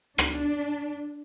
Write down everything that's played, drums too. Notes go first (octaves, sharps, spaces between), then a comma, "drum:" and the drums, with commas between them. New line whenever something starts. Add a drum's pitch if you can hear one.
D4, drum: rim click